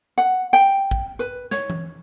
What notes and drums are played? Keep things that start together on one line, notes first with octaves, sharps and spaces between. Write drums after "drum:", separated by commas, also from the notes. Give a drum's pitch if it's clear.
F#5
G5
drum: kick
B4
C#5, drum: snare
drum: tom E3